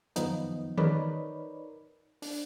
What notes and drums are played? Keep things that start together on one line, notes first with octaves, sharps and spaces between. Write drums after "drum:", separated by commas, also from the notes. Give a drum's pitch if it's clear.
F#2 D#3 F3 B3 D#4, drum: hi-hat
D#4 A#4 B4 C#5 D5 B5, drum: tom D#3
D4, drum: open hi-hat